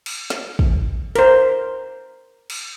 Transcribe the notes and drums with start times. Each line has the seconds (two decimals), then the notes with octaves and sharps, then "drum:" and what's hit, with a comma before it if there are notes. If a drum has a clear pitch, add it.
0.06 drum: cymbal
0.30 drum: snare
0.59 drum: kick
1.15 A#4 C5, drum: hi-hat
2.50 drum: cymbal